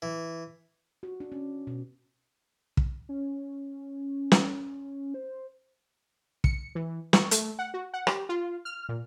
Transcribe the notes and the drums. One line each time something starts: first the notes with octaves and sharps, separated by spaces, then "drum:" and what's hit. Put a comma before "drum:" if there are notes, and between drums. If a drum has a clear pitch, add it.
E3
F#4
D4
C#4
B2
drum: kick
C#4
drum: snare
C5
C#7, drum: kick
E3
C#6, drum: snare
A3, drum: hi-hat
F#5
F#4
F#5
G4, drum: rim click
F4
F6
A#2